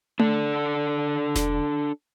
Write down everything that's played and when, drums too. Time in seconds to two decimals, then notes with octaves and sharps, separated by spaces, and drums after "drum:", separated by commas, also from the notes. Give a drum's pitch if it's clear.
0.19 D4 A4, drum: tom A3
1.36 drum: snare E1